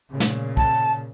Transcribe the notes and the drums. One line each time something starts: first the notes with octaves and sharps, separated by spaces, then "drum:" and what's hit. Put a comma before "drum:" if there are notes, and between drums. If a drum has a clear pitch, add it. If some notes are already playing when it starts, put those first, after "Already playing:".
A#2 C#3
drum: snare
A5, drum: kick